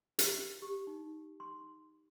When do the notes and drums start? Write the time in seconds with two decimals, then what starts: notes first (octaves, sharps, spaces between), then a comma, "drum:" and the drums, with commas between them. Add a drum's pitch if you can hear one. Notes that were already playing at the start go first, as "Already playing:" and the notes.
0.19 G4, drum: hi-hat
0.62 G4
0.87 D#4
1.40 C6